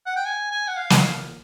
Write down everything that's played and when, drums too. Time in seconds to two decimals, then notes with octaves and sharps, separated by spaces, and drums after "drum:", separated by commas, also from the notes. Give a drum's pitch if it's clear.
0.06 F#5
0.16 G5
0.25 G#5
0.51 G#5
0.68 F#5
0.77 F5
0.90 drum: snare